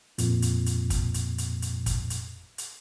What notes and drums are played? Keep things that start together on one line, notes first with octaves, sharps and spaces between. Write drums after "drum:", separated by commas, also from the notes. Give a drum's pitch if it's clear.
F2 A#2, drum: hi-hat
drum: hi-hat
drum: hi-hat
drum: kick, hi-hat
drum: hi-hat
drum: hi-hat
drum: hi-hat
drum: kick, hi-hat
drum: hi-hat
drum: hi-hat